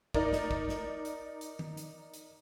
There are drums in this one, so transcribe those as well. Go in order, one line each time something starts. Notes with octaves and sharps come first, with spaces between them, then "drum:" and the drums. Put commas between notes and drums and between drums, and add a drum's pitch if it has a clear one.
D#4 A#4 D5, drum: kick
drum: snare
drum: kick
drum: snare
drum: hi-hat
drum: hi-hat
drum: tom D#3
drum: hi-hat
drum: hi-hat